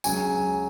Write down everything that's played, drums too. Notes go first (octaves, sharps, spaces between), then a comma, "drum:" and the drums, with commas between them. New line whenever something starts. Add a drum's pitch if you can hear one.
C#2 C#3 F#3 G#5, drum: tambourine